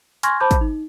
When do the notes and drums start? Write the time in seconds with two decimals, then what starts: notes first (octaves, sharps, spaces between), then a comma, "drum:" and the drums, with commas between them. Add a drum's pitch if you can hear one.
0.23 G#5 C6 C#6 F6 G#6 A#6, drum: hi-hat
0.40 C5 A5 B5 D6 G6
0.51 drum: kick, hi-hat
0.61 D#4